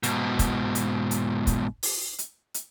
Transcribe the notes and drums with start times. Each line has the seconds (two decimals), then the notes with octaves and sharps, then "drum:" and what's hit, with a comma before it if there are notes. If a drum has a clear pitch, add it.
0.03 G#2 B2, drum: hi-hat
0.39 drum: kick, hi-hat
0.75 drum: hi-hat
1.11 drum: hi-hat
1.47 drum: kick, hi-hat
1.83 drum: open hi-hat
2.18 drum: hi-hat
2.54 drum: hi-hat